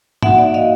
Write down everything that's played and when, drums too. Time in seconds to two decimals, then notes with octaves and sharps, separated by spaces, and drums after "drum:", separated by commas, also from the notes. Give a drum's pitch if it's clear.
0.23 A#3 D#4 F#4 E5 F#5, drum: tom G#2
0.38 D5 E5
0.54 D#5 F5